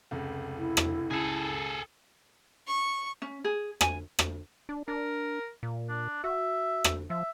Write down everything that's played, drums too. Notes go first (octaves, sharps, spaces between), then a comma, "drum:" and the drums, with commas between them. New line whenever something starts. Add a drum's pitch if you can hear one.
F1 C#2
E4
drum: rim click
C#2 G#4 A4
C#6
C#4
G#4
G#5, drum: rim click
drum: rim click
D4
D4 A#4
A#2
D4
F#4 E5
drum: rim click
F3 E5